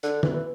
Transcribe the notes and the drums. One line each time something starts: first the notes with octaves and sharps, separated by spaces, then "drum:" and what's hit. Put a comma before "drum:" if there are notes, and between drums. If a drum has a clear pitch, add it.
D3, drum: hi-hat
E3, drum: tom
E3